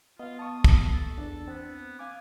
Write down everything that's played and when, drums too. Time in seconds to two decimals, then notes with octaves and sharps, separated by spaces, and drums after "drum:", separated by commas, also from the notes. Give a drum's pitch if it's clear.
0.19 B3 F4 D#5 F5
0.39 A5 C#6 D#6
0.64 drum: kick
0.92 A4
1.18 E2 D4
1.48 B3 C4
1.99 F5 G#5 D6